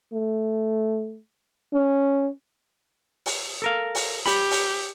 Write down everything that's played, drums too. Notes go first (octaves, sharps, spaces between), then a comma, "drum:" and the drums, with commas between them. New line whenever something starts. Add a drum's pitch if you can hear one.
A3
C#4
drum: open hi-hat
A4 A#4 F5
drum: open hi-hat
G4 B5, drum: open hi-hat
drum: open hi-hat